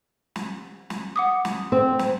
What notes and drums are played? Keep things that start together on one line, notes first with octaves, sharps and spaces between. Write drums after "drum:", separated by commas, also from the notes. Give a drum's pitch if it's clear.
drum: snare
drum: snare
F#5 D6 D#6
drum: snare
C4
drum: snare